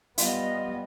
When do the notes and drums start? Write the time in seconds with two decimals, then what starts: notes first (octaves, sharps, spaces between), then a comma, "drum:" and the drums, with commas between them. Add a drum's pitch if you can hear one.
0.18 G3 B3 F4 D#5, drum: hi-hat